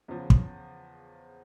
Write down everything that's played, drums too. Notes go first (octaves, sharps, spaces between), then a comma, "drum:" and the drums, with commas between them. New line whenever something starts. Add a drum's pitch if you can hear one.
E2 C#3 F3
drum: kick